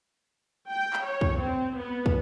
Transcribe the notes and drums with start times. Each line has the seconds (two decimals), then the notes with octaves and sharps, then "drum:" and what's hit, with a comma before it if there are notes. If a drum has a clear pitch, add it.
0.70 G5
0.93 drum: clap
1.05 C#5
1.21 drum: kick
1.40 C4
1.78 B3
2.06 drum: kick